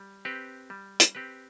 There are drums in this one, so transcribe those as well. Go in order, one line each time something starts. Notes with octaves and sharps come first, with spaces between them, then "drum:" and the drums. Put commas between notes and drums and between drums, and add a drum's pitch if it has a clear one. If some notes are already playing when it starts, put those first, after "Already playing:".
Already playing: G3
C4 G4 B4
G3
drum: hi-hat
C4 G4 B4